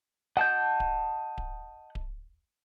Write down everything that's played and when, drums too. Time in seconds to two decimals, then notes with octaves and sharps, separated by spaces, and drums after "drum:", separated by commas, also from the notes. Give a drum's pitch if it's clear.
0.37 D#5 F#5 A5 G6
0.80 drum: kick D1
1.38 drum: kick D1
1.95 drum: kick D1